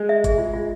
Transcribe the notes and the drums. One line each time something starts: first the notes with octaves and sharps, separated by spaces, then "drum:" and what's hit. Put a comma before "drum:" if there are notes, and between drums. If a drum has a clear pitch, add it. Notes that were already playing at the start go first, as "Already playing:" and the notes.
Already playing: G#3
E5
G#4, drum: kick G1, hi-hat
F4
F4